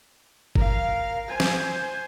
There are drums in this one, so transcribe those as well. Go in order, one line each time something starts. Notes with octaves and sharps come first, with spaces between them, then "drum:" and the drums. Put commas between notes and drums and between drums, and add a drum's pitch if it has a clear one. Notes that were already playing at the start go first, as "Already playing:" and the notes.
A#4 F5, drum: kick G1
C5 G#5
drum: snare